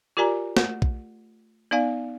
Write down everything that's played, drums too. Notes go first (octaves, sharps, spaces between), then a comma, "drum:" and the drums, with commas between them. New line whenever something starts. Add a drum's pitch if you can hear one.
F4 G4 A#4 D5 G#5 A#5
A3, drum: snare
drum: kick
B3 D#4 D5 F5 G#5